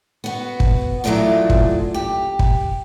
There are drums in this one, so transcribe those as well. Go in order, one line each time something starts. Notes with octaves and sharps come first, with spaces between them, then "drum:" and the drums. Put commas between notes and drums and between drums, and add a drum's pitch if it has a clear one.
B3 F#4
drum: kick
E3 F#3 G#3 A3 D4 F4
drum: kick
G4
drum: kick